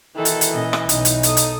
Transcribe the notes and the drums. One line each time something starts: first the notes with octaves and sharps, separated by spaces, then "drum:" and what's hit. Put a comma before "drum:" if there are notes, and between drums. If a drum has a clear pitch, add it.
B2 D#3 E3 A4
drum: hi-hat
drum: hi-hat
A#2 C#4 D#5
drum: rim click
B1 D#4, drum: hi-hat
drum: hi-hat
A4 D#6, drum: hi-hat
drum: hi-hat